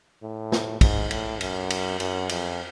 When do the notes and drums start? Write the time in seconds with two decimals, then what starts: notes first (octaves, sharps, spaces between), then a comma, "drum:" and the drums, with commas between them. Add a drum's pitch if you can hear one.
0.23 A2
0.52 drum: snare
0.81 G#2, drum: kick, cymbal
1.11 A2, drum: cymbal
1.41 F#2, drum: cymbal
1.70 drum: cymbal
2.00 F#2, drum: cymbal
2.29 F2, drum: cymbal